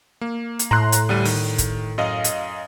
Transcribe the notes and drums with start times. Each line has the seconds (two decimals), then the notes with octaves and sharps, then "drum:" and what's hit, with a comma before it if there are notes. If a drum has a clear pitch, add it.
0.21 A#3
0.59 drum: hi-hat
0.71 A2 A#5 C6 F#6
0.92 drum: hi-hat
1.09 D2 G3 D#7
1.25 D#3, drum: open hi-hat
1.58 drum: kick, hi-hat
1.98 F#2 D#5 F5
2.24 drum: hi-hat